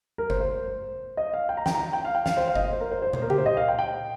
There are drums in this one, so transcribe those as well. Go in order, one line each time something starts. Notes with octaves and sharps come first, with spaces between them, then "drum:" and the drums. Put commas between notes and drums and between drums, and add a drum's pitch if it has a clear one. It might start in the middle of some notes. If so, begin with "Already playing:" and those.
A#4
C5, drum: kick G1
C5
D#5
F5
G5
A#5
G5, drum: snare
A#5
G5
F5
G5
F5, drum: snare
C5
F5
D#5, drum: kick G1
C5
A#4
C5
C5
C5, drum: tom
A#4
G4, drum: tom C#3
C5
D#5
F5
G5
G5